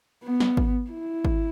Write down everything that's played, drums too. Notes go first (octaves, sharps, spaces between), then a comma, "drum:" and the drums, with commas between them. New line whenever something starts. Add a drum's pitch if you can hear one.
B3
drum: snare
drum: kick G#1
E4
drum: kick G#1